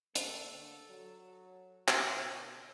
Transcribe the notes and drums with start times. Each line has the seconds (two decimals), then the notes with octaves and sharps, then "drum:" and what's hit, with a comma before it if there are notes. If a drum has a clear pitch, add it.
0.15 A#3 A4, drum: hi-hat
0.54 D3
0.89 F#3
1.88 B2 D4 A4, drum: clap